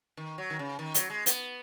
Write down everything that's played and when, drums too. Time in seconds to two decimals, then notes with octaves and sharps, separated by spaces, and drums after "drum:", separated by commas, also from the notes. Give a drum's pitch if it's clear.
0.17 D#3
0.38 F#3
0.50 D#3
0.59 C#3
0.79 D#3
0.94 F#3, drum: hi-hat
1.10 G#3
1.26 B3, drum: hi-hat